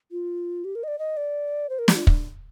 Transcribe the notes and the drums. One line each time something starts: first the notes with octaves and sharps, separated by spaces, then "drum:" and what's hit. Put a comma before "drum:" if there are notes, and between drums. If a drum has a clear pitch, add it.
F4
G4
A#4
D#5
D5
D#5
D5
C5
A#4
G4, drum: snare
F4
drum: kick